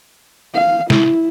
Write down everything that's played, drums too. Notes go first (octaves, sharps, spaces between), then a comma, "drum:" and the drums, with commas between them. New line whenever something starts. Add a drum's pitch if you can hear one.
F5
E4, drum: snare